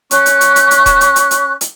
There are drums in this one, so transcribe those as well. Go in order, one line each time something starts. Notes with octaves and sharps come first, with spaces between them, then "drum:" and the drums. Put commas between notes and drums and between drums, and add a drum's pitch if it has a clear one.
C#4 C#6 F#6, drum: hi-hat
drum: hi-hat
drum: hi-hat
drum: hi-hat
drum: hi-hat
drum: kick D#1, hi-hat
drum: hi-hat
drum: hi-hat
drum: hi-hat
drum: hi-hat